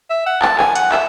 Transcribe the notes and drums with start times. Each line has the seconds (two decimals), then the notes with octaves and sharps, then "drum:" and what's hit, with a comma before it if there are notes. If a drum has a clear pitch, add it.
0.10 E5
0.26 F#5
0.42 A5, drum: clap
0.59 G#5, drum: clap
0.75 F#5, drum: hi-hat
0.92 E5, drum: clap